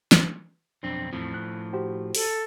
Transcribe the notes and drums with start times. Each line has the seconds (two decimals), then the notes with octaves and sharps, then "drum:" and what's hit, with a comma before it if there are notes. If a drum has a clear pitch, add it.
0.12 drum: snare
0.83 B1 F2 C4 D4
1.13 E2 A2 F3 C4
1.34 F#6
1.73 F#4 G4 C5
2.15 A4, drum: open hi-hat